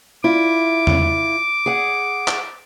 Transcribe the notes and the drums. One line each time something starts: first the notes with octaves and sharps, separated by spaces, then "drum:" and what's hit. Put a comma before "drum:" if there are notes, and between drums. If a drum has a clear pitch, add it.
E4 F4 D6
drum: tom E2
G#4 F#5
drum: clap